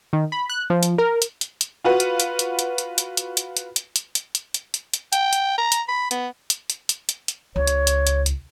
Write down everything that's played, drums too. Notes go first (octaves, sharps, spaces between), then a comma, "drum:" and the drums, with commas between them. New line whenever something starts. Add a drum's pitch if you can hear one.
D#3
B5
F#6
F3
drum: hi-hat
A#4
drum: hi-hat
drum: hi-hat
drum: hi-hat
F4 F#4 B4
drum: hi-hat
drum: hi-hat
drum: hi-hat
drum: hi-hat
drum: hi-hat
drum: hi-hat
drum: hi-hat
drum: hi-hat
drum: hi-hat
drum: hi-hat
drum: hi-hat
drum: hi-hat
drum: hi-hat
drum: hi-hat
drum: hi-hat
drum: hi-hat
G5, drum: hi-hat
drum: hi-hat
A#5
drum: hi-hat
B5
B3, drum: hi-hat
drum: hi-hat
drum: hi-hat
drum: hi-hat
drum: hi-hat
drum: hi-hat
C#2 C#5
drum: hi-hat
drum: hi-hat
drum: hi-hat
drum: hi-hat